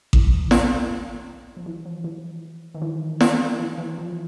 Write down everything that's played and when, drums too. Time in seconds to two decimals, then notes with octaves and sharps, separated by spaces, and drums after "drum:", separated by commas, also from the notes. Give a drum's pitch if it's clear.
0.13 E3, drum: kick A1
0.51 drum: snare
1.57 F3
1.66 E3
1.85 F3
2.04 E3
2.75 D#3
2.82 E3
3.20 drum: snare
3.60 E3
3.78 E3
3.98 F3